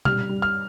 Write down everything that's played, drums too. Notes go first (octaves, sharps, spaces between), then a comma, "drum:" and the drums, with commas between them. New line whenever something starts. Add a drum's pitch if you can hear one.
G3 F6, drum: tom B2
G3
F6